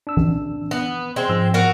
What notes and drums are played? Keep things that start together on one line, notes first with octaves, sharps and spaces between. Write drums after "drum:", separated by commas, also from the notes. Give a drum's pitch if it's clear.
D4 E6
drum: tom E3
B3
G#3 C4
G#2 F3 E6
F#4 A#4 F5